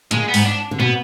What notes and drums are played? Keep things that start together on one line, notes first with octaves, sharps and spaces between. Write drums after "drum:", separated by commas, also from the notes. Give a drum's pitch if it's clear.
A#2 D3 G#3, drum: hi-hat
B3
G#2, drum: open hi-hat
D4
D3
B2 B3